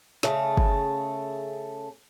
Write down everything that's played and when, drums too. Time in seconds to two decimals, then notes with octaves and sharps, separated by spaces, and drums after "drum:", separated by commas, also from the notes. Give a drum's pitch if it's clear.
0.23 C#3 A3, drum: snare
0.57 drum: kick